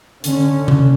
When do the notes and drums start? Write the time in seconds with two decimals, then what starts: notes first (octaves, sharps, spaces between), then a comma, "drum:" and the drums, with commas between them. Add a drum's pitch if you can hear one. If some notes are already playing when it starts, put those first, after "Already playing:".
0.24 D3 C#4, drum: hi-hat
0.68 drum: tom C3